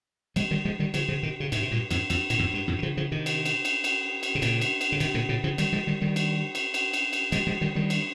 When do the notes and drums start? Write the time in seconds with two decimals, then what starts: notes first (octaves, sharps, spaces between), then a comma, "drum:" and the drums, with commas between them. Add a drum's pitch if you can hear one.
0.36 F3 G#3, drum: cymbal
0.51 D#3 G3
0.65 F3 G#3
0.79 D#3 G3
0.94 C#3 F3, drum: cymbal
1.08 C#3 F3
1.23 C3 D#3
1.40 C#3
1.52 G#2 C3, drum: cymbal
1.63 C3
1.71 G2 A#2
1.91 F2 G#2, drum: cymbal
2.10 F2, drum: cymbal
2.30 A#2, drum: cymbal
2.39 F2 G#2
2.54 G2
2.68 F2 G#2
2.79 D#3
2.83 C#3 F3
2.97 C#3 F3
3.11 C3 D#3
3.26 drum: cymbal
3.45 drum: cymbal
3.65 drum: cymbal
3.84 drum: cymbal
4.23 drum: cymbal
4.35 C3
4.42 A#2 C#3, drum: cymbal
4.61 drum: cymbal
4.81 drum: cymbal
4.92 C#3
5.00 C3 D#3, drum: cymbal
5.14 A#2 C#3
5.29 A#2 C#3
5.44 C#3 F3
5.58 D#3 G3, drum: cymbal
5.73 F3 G#3
5.87 D#3 G3
6.01 D#3 G3
6.16 drum: cymbal
6.55 drum: cymbal
6.74 drum: cymbal
6.93 drum: cymbal
7.13 drum: cymbal
7.32 F3 G#3, drum: cymbal
7.47 F3 G#3
7.61 D#3 G3
7.75 D#3 G3
7.90 drum: cymbal